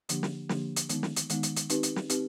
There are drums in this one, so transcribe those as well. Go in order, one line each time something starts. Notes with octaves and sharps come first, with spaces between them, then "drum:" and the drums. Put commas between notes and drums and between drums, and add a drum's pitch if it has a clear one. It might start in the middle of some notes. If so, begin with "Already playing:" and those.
D3 F3 A#3 D4 G4, drum: hi-hat
drum: snare
D3 F3 A#3 D4 G4, drum: snare
drum: hi-hat
D#3 G#3 B3 D#4, drum: hi-hat
drum: snare
drum: hi-hat
D#3 G#3 B3 D#4, drum: hi-hat
drum: hi-hat
drum: hi-hat
C4 D#4 G4 B4, drum: hi-hat
drum: hi-hat
drum: snare
C4 D#4 G4 B4, drum: hi-hat